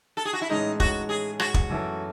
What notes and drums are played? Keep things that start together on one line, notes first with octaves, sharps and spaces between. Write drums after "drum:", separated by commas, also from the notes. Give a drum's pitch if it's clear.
A4
G#4
F#4
E4
A2 E3 G#3 C#4 D#4
F#4, drum: kick
G#4
F#4, drum: rim click
drum: kick
F#2 E3 A3 E4 A4